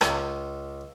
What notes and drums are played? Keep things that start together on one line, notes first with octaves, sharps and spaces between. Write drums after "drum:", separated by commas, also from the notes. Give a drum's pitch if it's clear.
C#2, drum: rim click